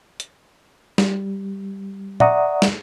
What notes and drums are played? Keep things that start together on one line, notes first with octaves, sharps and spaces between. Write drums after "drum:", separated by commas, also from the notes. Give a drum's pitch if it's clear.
drum: hi-hat
G3, drum: snare
D5 E5 F#5 A#5 C#6 D#6, drum: tom A#2
drum: snare